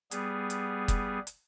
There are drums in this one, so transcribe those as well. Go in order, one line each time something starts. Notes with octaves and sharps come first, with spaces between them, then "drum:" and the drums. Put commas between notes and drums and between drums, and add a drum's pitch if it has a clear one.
G3 B3 G#4, drum: hi-hat
drum: hi-hat
drum: kick, hi-hat
drum: hi-hat